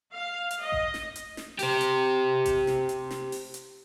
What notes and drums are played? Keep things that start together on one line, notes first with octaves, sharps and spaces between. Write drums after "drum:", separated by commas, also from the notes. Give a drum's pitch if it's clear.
F5
drum: hi-hat
D#5
drum: kick A1
drum: snare
drum: hi-hat
drum: snare
G4 C5, drum: open hi-hat
drum: hi-hat
drum: kick A1, hi-hat
drum: snare
drum: hi-hat
drum: snare
drum: open hi-hat
drum: hi-hat